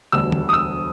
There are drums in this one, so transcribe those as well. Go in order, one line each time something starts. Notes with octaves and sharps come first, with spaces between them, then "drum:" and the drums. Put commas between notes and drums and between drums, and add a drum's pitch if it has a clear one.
E1 D2 D3 G3 E6
drum: tom D3
D#6
E6